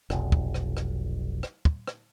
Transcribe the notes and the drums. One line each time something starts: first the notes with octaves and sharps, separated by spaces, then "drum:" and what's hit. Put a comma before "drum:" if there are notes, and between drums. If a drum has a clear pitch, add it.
F1 B1, drum: rim click
drum: kick
drum: rim click
drum: rim click
drum: rim click
drum: kick
drum: rim click